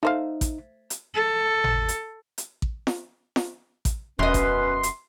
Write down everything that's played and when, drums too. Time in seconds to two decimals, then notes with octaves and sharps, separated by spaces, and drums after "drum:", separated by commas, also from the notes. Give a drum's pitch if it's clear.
0.03 A3 D#4 C5 F5
0.41 drum: kick A1, hi-hat
0.90 drum: hi-hat
1.15 A4
1.64 drum: tom G#1
1.89 drum: hi-hat
2.38 drum: hi-hat
2.62 drum: kick A1
2.87 drum: snare
3.36 drum: snare
3.85 drum: kick A1, hi-hat
4.19 E1 F#2 B2 C#4 B4 D#5 C6
4.34 drum: kick A1, hi-hat
4.83 drum: hi-hat